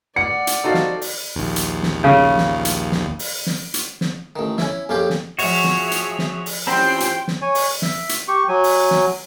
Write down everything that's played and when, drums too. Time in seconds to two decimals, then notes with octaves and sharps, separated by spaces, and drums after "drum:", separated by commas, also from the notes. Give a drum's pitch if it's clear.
0.16 D5 F#5 C#7
0.47 drum: hi-hat
0.64 G3 D#4 F#4 A4 C5 F5
0.74 drum: snare
1.02 drum: open hi-hat
1.36 A#1 D#2
1.56 drum: hi-hat
1.83 drum: snare
2.04 C#3
2.38 drum: snare
2.65 drum: hi-hat
2.92 drum: snare
3.19 drum: open hi-hat
3.47 drum: snare
3.74 drum: hi-hat
4.01 drum: snare
4.36 A1 D#3
4.58 C#4 E4, drum: snare
4.89 A#1 F2 C#4 F4 G4
5.10 drum: snare
5.39 F3 F#4 G#4 C#5 E5, drum: open hi-hat
5.64 drum: snare
5.91 drum: hi-hat
6.19 drum: snare
6.46 drum: open hi-hat
6.67 E3 C4 C#4 F4 G4 G5 C6
7.00 drum: hi-hat
7.28 drum: snare
7.42 C#5 G#5
7.55 drum: open hi-hat
7.82 E5, drum: snare
8.09 drum: hi-hat
8.28 G4 C#6
8.48 F#3 G#5
8.64 drum: open hi-hat
8.91 drum: snare